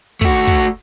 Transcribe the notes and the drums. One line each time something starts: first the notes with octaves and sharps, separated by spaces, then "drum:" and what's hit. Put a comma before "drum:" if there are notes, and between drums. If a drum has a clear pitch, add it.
A3 F#4, drum: kick
drum: kick